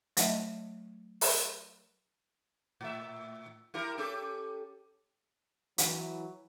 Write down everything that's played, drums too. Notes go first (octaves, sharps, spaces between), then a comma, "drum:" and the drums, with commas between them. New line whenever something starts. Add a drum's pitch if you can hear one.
F#3 A3 C#5 D#5 E5, drum: hi-hat
drum: open hi-hat
A2 E5
E4 G4 A#4
C#4 G4 A4
E3 F#3, drum: hi-hat